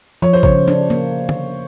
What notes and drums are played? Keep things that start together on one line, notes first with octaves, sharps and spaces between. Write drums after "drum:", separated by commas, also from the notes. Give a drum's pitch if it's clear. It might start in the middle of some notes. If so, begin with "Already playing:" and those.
F3 C#5
C5
C#3 C#5, drum: kick
D4
A#3
drum: tom